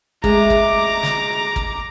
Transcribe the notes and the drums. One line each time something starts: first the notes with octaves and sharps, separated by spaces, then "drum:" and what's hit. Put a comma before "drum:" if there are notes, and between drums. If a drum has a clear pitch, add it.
G#3 A3 A#5 D6, drum: kick
drum: kick
drum: snare
drum: kick